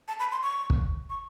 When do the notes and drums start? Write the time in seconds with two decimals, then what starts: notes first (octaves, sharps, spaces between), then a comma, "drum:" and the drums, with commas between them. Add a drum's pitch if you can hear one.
0.08 A5
0.19 B5
0.32 C6
0.43 C#6
0.70 drum: kick
1.10 C#6